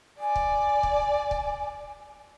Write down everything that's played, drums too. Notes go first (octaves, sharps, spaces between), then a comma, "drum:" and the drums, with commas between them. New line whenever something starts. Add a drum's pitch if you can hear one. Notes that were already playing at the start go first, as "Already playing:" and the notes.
D5 G#5
drum: kick
drum: kick
drum: kick